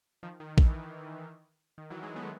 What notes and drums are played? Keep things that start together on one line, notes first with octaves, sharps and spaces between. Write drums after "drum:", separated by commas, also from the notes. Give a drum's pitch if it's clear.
D#3 F3
D#3
E3, drum: kick A#1
E3
D#3
E3 F#3
F#3 G#3
A3 B3